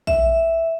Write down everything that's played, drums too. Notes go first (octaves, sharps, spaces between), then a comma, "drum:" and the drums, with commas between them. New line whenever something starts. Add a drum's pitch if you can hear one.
E5, drum: kick A#1